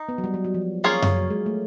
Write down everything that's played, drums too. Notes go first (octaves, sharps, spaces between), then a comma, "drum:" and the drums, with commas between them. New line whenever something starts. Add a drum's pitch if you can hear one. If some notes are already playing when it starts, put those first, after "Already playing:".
Already playing: D#4
B3
F#3
G3
F#3
F#3
F3
A#3 C#4 F4 G#4 C#5
drum: tom F#2
F#3
G#3
A3